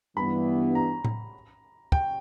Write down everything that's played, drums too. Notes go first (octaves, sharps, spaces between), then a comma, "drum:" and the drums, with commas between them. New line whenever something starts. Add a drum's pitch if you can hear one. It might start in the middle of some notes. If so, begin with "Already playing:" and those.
G2 E3 B3 B5
A#5
drum: tom A2
G5, drum: kick